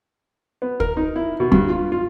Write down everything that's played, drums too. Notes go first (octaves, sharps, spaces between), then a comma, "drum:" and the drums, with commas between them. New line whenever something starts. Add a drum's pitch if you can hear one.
B3
A#4, drum: kick
D#4
E4
B2
G2, drum: kick
F4
F4